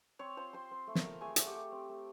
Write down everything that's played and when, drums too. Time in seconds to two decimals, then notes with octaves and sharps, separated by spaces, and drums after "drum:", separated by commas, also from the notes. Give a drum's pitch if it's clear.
0.19 C4 C#5 C#6
0.37 F4 C5 C6
0.53 C4 C5 C6
0.71 C4
0.87 A3
0.95 A#4 A#5, drum: snare
1.04 F4
1.21 A3 G#4 G#5
1.36 A3 F#5, drum: hi-hat
1.47 G4 G5
1.55 A3
1.72 C4
1.89 A3